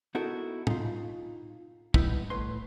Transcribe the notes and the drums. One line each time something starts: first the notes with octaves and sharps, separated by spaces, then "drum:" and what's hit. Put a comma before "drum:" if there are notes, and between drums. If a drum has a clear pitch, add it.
B3 D#4 E4 F#4 A4 A#4
D#4 F4, drum: tom
G3 B3 D#4 E4, drum: kick
A2 B4 C6